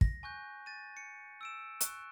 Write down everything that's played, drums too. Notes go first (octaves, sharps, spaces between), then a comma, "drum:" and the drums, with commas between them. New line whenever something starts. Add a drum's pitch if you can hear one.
A#6, drum: kick
G#5 C#6 F#6 G6
A6 D#7
C#7
E6 D7 E7
C#6 F#6, drum: hi-hat